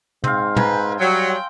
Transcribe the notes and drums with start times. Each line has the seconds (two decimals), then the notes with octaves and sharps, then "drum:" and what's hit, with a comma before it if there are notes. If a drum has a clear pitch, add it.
0.24 G#2 C4 F5, drum: tom
0.57 B4 C5 G#5 A#5, drum: tom
1.00 F#3 G3 G5